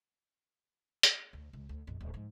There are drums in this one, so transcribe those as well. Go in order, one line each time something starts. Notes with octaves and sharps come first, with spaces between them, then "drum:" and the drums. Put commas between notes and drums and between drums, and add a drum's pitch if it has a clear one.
drum: hi-hat
D2
C#2
D2
A#1 F2
D1
G#2 F3